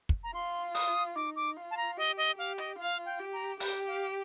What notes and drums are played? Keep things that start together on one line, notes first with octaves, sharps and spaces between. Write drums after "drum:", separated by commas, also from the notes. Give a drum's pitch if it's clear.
drum: kick
A#5
F4 C6
D#6, drum: open hi-hat
D#4 D6
D6
F4
A5
A#5
G4 D#5
D#5
G4 F5
D#5, drum: hi-hat
F4 F5
G5
G4
A#5
G4 G5, drum: open hi-hat
F5